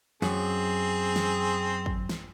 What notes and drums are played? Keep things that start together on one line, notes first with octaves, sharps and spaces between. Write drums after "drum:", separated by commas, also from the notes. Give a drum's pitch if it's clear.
F#2 C4 G#4, drum: snare
drum: snare
drum: kick
drum: snare